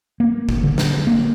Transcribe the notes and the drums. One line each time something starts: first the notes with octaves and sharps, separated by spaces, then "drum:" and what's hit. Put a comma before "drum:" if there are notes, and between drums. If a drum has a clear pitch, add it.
A#3
drum: kick G1
D3
drum: snare
A#3